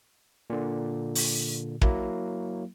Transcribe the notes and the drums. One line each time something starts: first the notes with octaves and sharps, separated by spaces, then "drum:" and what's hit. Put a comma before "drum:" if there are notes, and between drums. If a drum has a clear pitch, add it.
A#2 D3
drum: open hi-hat
F#3 A#3 E4, drum: kick